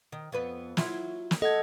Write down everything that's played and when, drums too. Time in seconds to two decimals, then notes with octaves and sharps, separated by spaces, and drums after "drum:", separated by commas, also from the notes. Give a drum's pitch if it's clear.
0.12 D#3
0.32 F2 B3 B4
0.77 F#3 E4 F4, drum: snare
1.31 drum: snare
1.42 A4 D#5 F#5 G#6